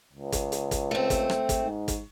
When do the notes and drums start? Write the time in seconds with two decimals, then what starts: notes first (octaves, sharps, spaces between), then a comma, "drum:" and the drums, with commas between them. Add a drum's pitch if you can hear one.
0.13 C#2
0.32 drum: kick, hi-hat
0.52 drum: hi-hat
0.71 drum: kick, hi-hat
0.91 A3 C4
1.10 drum: kick, hi-hat
1.30 drum: rim click
1.49 drum: kick, hi-hat
1.61 G#2
1.88 drum: kick, hi-hat